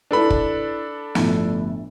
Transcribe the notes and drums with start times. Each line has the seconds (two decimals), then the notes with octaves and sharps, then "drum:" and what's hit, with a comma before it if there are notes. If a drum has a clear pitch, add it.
0.11 D4 E4 A4 B4 B5
0.30 drum: kick
1.15 G1 A2 F3, drum: snare